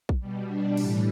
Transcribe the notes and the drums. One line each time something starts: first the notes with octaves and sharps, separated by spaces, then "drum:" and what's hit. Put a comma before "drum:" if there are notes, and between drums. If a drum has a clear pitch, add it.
drum: kick A#1
B2 G3
D4
A2 E3 G3 D4, drum: cymbal